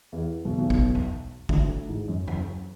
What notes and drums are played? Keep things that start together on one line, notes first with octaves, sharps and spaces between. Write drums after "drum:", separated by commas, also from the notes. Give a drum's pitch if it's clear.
E2 E3
B1 B2
B1 B2
drum: kick
drum: tom E2
D2 D3, drum: kick
G#2
F#2
F#2, drum: tom E2